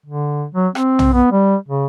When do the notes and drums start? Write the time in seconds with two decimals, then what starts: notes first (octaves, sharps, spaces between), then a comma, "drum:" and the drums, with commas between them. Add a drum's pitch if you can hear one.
0.06 D3
0.54 F#3
0.75 C4, drum: rim click
0.99 drum: tom B1
1.13 B3
1.32 G3
1.68 C#3